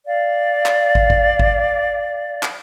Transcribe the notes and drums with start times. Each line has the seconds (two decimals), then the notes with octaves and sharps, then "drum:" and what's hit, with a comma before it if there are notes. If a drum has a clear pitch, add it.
0.07 D5 F5
0.66 drum: clap
0.95 drum: kick
1.10 drum: kick
1.39 drum: kick
2.43 drum: clap